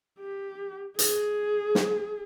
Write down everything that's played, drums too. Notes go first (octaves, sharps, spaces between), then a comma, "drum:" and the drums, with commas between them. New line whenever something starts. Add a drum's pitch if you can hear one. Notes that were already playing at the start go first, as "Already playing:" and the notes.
G4
G#4, drum: hi-hat
drum: snare